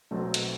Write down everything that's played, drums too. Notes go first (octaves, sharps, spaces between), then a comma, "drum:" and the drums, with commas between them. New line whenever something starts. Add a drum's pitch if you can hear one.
B1 B2 F#3 A3 C4
drum: hi-hat